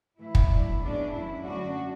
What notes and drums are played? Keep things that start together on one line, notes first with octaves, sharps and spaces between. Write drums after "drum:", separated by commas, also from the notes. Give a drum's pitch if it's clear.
A2 E3 A3 E4
drum: kick
B2 F#3 A3 D4
E2 B2 G#3 C#4 D4
F#2 E3 A3 E4
F#2 D3 F#3 A3 C#4 D4 F#4